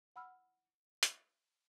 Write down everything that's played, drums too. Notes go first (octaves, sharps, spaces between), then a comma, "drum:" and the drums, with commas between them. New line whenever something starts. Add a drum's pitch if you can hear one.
F#5 B5 E6 F6
drum: hi-hat